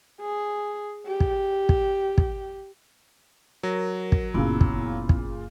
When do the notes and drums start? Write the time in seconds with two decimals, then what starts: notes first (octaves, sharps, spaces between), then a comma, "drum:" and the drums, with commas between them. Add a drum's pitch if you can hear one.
0.21 G#4
1.07 G4
1.20 drum: kick
1.69 drum: kick
2.18 drum: kick
3.63 F#3 A#4
4.12 drum: kick
4.34 F#1 A#2 C#3 A#3 B3 E4
4.61 drum: kick
5.09 drum: kick